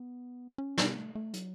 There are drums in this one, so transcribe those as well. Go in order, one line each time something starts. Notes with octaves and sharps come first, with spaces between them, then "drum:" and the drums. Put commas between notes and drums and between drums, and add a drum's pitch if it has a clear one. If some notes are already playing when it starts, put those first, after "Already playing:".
Already playing: B3
C#4
B3, drum: snare
A3
A3
F#3, drum: hi-hat